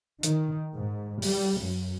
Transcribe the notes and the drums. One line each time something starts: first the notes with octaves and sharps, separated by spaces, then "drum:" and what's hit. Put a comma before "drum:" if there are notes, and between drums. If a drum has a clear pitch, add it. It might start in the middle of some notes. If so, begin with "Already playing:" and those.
D#3, drum: hi-hat
G#2
G3, drum: open hi-hat
F#2